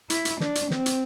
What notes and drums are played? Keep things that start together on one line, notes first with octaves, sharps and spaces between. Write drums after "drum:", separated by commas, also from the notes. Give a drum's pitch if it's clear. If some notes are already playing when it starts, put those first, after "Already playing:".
E4, drum: hi-hat
drum: hi-hat
D4, drum: snare
drum: hi-hat
C4, drum: snare
drum: hi-hat